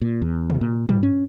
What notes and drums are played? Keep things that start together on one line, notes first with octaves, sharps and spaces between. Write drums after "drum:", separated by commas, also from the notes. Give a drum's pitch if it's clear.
A#2
E2
drum: tom
A#2
G3, drum: tom
C#4